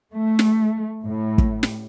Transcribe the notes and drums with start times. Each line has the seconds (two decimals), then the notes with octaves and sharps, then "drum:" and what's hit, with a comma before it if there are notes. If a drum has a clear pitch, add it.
0.14 A3
0.39 drum: snare
1.04 A2
1.38 drum: kick
1.63 drum: snare